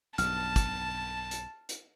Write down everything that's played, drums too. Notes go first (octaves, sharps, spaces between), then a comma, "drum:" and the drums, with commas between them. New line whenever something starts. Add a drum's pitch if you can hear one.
B1 G2 A5 F6, drum: hi-hat
drum: kick, hi-hat
drum: hi-hat
drum: hi-hat